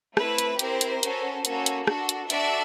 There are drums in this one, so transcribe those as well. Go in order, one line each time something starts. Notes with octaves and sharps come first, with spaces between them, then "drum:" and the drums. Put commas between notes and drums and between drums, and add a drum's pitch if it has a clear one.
A3 C4 E4 B4, drum: rim click
drum: hi-hat
C4 E4 G4 A#4 C5, drum: hi-hat
drum: hi-hat
C#4 F#4 A4, drum: hi-hat
A#3 C#4 F#4 A4, drum: hi-hat
drum: hi-hat
D4 F#4 A4, drum: rim click
drum: hi-hat
D4 F#4 A4 D5 E5, drum: hi-hat